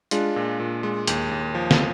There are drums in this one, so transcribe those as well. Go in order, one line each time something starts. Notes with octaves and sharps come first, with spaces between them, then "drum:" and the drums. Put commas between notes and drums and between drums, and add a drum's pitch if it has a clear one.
G#3 D4 F4, drum: hi-hat
A#2
A#2
G#3
D#2, drum: hi-hat
D#2
F3
drum: snare